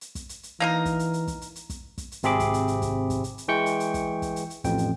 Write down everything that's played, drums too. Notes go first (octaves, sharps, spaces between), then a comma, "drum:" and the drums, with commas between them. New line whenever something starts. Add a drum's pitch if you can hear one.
drum: hi-hat
drum: kick, hi-hat
drum: hi-hat
drum: hi-hat
E3 A#3 D#4 A#4
drum: kick, hi-hat
drum: hi-hat
drum: hi-hat
drum: kick, hi-hat
drum: hi-hat
drum: hi-hat
drum: kick, hi-hat
drum: kick, hi-hat
drum: hi-hat
G#1 C3 C4 G#4 B5 D6, drum: hi-hat
drum: kick, hi-hat
drum: hi-hat
drum: hi-hat
drum: kick, hi-hat
drum: kick, hi-hat
drum: hi-hat
drum: hi-hat
E3 G#3 G5 C#6 G6 C#7
drum: hi-hat
drum: hi-hat
drum: kick, hi-hat
drum: kick, hi-hat
drum: hi-hat
drum: hi-hat
A1 F2 G5, drum: kick, hi-hat
drum: hi-hat